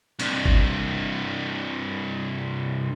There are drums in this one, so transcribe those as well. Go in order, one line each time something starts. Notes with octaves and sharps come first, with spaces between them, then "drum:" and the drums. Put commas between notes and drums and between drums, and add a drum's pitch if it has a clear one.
C2 G2, drum: hi-hat
drum: kick G1